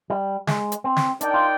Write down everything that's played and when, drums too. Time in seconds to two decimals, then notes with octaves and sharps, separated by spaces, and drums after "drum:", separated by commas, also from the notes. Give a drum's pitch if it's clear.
0.10 G3
0.47 G#3, drum: snare
0.72 drum: hi-hat
0.84 C4
0.96 drum: snare
1.21 D4 D#4 A#4 D5 G5, drum: hi-hat
1.34 F4